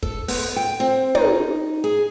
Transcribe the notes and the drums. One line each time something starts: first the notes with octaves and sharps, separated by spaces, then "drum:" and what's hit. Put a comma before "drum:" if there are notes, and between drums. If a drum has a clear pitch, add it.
A4, drum: kick
B3, drum: open hi-hat
G5
C4
D#4, drum: tom
G#4